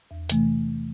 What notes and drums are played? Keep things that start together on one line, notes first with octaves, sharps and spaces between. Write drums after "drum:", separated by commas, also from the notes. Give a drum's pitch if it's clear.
E2
C3 E3 A3, drum: hi-hat